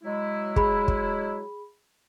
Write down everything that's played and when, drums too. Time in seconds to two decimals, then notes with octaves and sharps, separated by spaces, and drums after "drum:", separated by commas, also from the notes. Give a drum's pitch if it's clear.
0.03 F#3 G#3 E4
0.56 G#4 B5, drum: kick
0.88 drum: kick